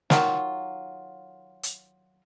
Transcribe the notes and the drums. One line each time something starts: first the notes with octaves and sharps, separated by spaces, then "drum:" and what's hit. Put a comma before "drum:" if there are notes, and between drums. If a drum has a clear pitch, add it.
D#3 F#3 F4, drum: snare
drum: hi-hat